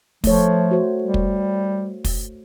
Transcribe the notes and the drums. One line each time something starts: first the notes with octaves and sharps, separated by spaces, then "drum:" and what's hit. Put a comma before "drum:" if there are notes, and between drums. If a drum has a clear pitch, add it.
F3 A3 C#5, drum: kick, open hi-hat
F#4 C5
G3
drum: kick
drum: kick, open hi-hat